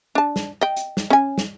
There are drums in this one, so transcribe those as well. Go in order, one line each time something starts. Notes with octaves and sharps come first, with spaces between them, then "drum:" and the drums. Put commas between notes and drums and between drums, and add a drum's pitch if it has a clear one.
D4 A5
drum: snare
D#5 G5
drum: hi-hat
drum: snare
C#4 G#5
drum: snare